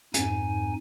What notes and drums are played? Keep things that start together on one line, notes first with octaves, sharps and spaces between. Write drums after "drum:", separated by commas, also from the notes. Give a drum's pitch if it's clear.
F2 G#2 D#4 G#5, drum: hi-hat